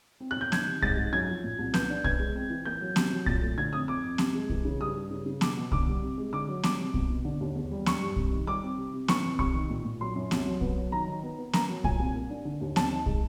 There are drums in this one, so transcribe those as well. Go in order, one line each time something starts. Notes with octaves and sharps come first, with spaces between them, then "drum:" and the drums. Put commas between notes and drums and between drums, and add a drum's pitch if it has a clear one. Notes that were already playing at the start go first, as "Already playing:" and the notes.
C4
F#6
B2 G6
D#3 G#6, drum: snare B3
C3
G#2 A6, drum: kick
G#2
F#2 G#6
F3
A#2
C2
B3 G6, drum: snare B3
D4
B3 G#6, drum: kick
G#3
C4
E3
A#3 G6
F#3
C3, drum: snare B3
F#3
A#2 A6, drum: kick
A3
D3 G#6
F2 D#6
F2 D6
F2
C3, drum: snare B3
G#3
E3, drum: kick
C#3
G2 D#6
G2
C#3
C#3
B2 D6, drum: snare B3
B2
D3 D6, drum: kick
G3
C3
G#3
D3 D6
F#3
G3 D6, drum: snare B3
C3
B2, drum: kick
B2
D3
D#2
E2
G3
G3 C#6, drum: snare B3
G2
C3, drum: kick
D#3
G3 D6
C4
C3
C3
E3 C#6, drum: snare B3
F2
C3 C#6, drum: kick
D#3
A#2
A#2
F#3 C6
F#2
C2, drum: snare B3
F#3
B3, drum: kick
F#3
D#3 A#5
D#3
B3
B3
A#3 A#5, drum: snare B3
F#3
A#2 G#5, drum: kick
C2
A#3
D4
D3
D#2
C4 A5, drum: snare B3
D#4
G#3, drum: kick